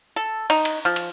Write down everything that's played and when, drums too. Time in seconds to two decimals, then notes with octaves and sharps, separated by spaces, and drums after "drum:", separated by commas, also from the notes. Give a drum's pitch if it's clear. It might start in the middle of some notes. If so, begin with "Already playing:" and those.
0.16 A4
0.50 D#4, drum: cymbal
0.65 drum: cymbal
0.85 F3
0.96 drum: cymbal